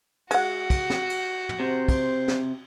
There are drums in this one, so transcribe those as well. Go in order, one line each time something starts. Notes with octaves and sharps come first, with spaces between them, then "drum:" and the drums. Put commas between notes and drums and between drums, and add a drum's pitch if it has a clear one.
G#3 F#4 F#5, drum: cymbal
drum: kick, cymbal
drum: snare
drum: cymbal
drum: tom
C3 C5
drum: kick, cymbal
drum: snare